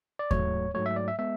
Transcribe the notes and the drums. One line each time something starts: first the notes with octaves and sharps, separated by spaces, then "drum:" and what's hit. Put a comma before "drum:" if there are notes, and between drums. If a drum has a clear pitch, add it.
D5
G#2 F#3 A3 C#5, drum: kick D#2
G#2 F#3 A3 C#5
E5
D5
E5
G#3 B3 E5